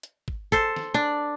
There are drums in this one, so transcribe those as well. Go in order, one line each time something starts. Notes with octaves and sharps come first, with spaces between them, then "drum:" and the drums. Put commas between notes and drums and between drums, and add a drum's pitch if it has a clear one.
drum: hi-hat
drum: kick
A4 C5, drum: kick
drum: snare
D4